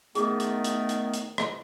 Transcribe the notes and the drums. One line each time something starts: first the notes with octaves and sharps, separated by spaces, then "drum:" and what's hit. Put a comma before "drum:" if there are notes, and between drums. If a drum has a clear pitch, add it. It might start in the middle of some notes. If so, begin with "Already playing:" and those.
D#3 A3 B3 G#4 D6, drum: hi-hat
drum: hi-hat
drum: hi-hat
drum: hi-hat
drum: hi-hat
drum: rim click